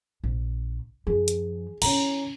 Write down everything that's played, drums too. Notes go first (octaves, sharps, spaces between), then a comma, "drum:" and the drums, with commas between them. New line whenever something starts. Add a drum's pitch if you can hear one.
A#1
F#2 F3 G#4
drum: hi-hat
D3 C#4 E4 A#5, drum: cymbal